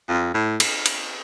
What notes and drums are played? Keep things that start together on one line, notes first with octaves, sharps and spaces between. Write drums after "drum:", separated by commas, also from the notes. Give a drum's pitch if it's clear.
F2
A2
drum: cymbal
drum: cymbal